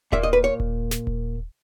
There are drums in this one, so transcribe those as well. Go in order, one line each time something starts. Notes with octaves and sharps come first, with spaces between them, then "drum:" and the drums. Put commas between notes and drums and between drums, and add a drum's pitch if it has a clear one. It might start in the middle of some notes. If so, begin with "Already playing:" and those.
A#2 A#3 E5, drum: kick D#1
D#5
B4
C#5
drum: kick D#1
drum: snare
drum: kick D#1